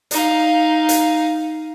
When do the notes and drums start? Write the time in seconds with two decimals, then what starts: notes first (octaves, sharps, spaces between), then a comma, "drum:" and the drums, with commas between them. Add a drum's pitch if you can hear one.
0.11 D#4 F5, drum: hi-hat
0.89 drum: hi-hat